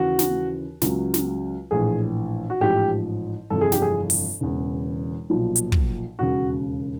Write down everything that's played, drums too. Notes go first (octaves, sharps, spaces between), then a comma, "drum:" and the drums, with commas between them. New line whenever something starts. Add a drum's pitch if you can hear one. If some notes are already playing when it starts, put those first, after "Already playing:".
Already playing: D#2 C#3 E3 F#4
drum: snare
C#2 C#3 F#3, drum: snare
drum: snare
A#1 A2 E3 G#4
F#4
A1 G#2 F3 G4
G1 F2 C3 E3 A4
G#4
G4, drum: snare
G#4
drum: open hi-hat
E1 E2 C#3 E3
B1 A#2 F3
drum: hi-hat
drum: kick
E1 D#2 C#3 F#4